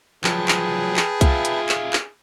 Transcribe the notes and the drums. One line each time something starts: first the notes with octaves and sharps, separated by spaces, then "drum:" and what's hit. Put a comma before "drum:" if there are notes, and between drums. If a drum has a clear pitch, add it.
F3 F#3 G#4 B4 G5 A5, drum: clap
drum: clap
drum: clap
F4 E5, drum: kick C2, hi-hat
drum: hi-hat
drum: clap
drum: clap